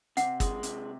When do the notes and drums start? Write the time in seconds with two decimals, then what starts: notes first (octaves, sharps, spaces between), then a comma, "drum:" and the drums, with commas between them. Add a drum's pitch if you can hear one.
0.17 C3 F#5, drum: hi-hat
0.40 G#3, drum: kick, hi-hat
0.63 C3, drum: hi-hat